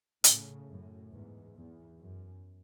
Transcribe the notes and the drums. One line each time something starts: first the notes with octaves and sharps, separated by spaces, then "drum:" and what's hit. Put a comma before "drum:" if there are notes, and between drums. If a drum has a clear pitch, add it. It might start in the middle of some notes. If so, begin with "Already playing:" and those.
A2 C#3, drum: hi-hat
F#2 A2
E2 G#2
E2
F#2